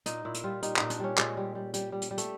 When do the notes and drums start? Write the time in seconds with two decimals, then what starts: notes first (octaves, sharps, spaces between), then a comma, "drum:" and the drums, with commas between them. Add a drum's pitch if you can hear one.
0.06 A#2 D#4, drum: hi-hat
0.25 A#2 E4
0.34 drum: hi-hat
0.44 G3 F4
0.62 G3 D#4, drum: hi-hat
0.77 A#2 D#4, drum: clap
0.90 D4, drum: hi-hat
1.00 G3 C#4
1.18 A#2 G#3, drum: clap
1.37 G3
1.55 G3
1.74 G3, drum: hi-hat
1.92 G3
2.02 drum: hi-hat
2.11 G3
2.18 A3, drum: hi-hat